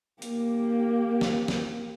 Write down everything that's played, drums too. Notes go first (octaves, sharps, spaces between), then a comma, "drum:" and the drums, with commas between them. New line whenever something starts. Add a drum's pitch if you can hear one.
A#3 G4, drum: hi-hat
drum: snare
drum: snare